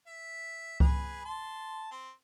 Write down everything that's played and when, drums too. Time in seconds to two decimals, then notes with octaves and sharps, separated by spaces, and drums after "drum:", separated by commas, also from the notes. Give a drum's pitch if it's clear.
0.07 E5
0.80 G#4 B4, drum: kick C#2
1.25 A5 C6
1.92 C4